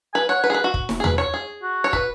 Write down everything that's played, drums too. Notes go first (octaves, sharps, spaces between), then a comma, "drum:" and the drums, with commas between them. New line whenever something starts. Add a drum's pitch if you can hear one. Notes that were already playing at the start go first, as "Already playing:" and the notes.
B4 G#5
C#5 F#5
B4
G#4
B4
F#4
drum: kick
drum: snare
G#4
B4, drum: tom E2
C#5
G#4
F#4
C#5
B4, drum: kick